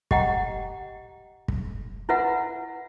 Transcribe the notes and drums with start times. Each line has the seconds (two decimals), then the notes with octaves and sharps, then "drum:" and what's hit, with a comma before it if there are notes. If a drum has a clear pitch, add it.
0.11 G4 D#5 F#5 G5 A#5, drum: kick
1.48 drum: kick
2.09 E4 F4 B4 E5 F#5